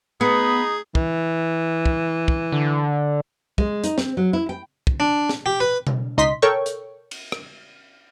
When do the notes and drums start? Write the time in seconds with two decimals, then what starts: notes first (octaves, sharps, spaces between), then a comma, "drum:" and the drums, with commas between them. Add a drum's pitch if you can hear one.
0.21 B3 D#4 G#4 B5
0.95 E3, drum: kick
1.86 drum: kick
2.28 drum: kick
2.52 D3
3.58 G#3, drum: kick
3.84 D#4, drum: hi-hat
3.98 C4, drum: snare
4.17 F#3
4.33 E4
4.49 G5
4.87 drum: kick
5.00 D4
5.29 drum: snare
5.46 G4
5.60 B4
5.87 drum: tom B2
6.17 C#2 D#4 D#5 C6 B6
6.42 A4 A#4 C#5 G5 C#6
6.66 drum: hi-hat
7.11 drum: cymbal
7.32 drum: rim click